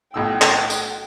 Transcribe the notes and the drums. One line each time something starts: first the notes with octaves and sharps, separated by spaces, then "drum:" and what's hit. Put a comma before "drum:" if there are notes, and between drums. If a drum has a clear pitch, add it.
B1 A2 F#5 G5 E6
drum: clap
drum: tambourine